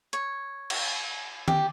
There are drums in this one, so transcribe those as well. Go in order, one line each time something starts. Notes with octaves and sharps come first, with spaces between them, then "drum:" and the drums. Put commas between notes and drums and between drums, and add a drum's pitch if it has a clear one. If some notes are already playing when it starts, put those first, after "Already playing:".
C#5, drum: hi-hat
drum: cymbal
G4, drum: tom D#3